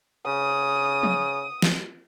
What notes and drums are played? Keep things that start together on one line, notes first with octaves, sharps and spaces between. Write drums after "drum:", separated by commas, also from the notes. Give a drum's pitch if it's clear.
C#3 D#6
drum: tom F3
drum: snare